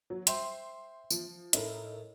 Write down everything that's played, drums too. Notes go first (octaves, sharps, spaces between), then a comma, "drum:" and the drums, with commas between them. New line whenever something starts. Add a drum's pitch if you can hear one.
F#3
C5 E5 G5 C6, drum: hi-hat
F3, drum: tambourine
A2 D#4 E4 A#4, drum: hi-hat